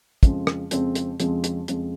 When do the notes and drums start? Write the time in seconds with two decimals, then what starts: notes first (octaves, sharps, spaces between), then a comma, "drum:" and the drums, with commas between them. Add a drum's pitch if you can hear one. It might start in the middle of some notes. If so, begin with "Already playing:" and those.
0.23 F2 C#3 F3 G#3 C4, drum: kick, hi-hat
0.47 drum: rim click
0.71 F2 C#3 F3 G#3 C4, drum: hi-hat
0.95 drum: hi-hat
1.20 F2 C#3 F3 G#3 C4, drum: hi-hat
1.44 drum: hi-hat
1.68 F2 C#3 F3 G#3 C4, drum: hi-hat